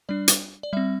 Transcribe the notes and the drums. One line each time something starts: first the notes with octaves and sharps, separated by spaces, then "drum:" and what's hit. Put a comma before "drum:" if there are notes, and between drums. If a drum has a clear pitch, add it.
G3 D4 D5
drum: hi-hat
D5
G3 C4 E5